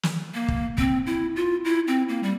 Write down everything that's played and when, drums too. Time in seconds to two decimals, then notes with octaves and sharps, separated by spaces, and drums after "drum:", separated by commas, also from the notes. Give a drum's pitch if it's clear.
0.03 drum: snare
0.34 A#3
0.48 drum: kick
0.78 C4, drum: kick
1.06 E4
1.36 F4
1.65 E4
1.88 C4
2.09 A#3
2.23 G3